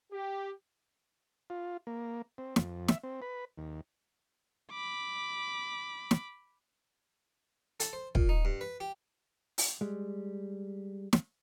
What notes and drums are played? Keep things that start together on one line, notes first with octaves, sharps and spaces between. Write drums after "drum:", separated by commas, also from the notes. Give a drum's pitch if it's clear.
G4
F4
A#3
C4
F2, drum: snare
E5, drum: snare
C4
B4
D#2
B5 D6
drum: snare
A4, drum: hi-hat
C5
A#2, drum: kick
D#4
G2
B4
G4
drum: open hi-hat
G3 G#3
drum: snare